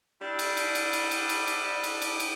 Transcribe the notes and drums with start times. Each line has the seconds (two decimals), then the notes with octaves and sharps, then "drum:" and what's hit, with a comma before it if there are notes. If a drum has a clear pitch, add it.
0.21 G3 D4 E4
0.39 drum: cymbal
0.57 drum: cymbal
0.75 drum: cymbal
0.93 drum: cymbal
1.11 drum: cymbal
1.29 drum: cymbal
1.47 drum: cymbal
1.83 drum: cymbal
2.02 drum: cymbal
2.20 drum: cymbal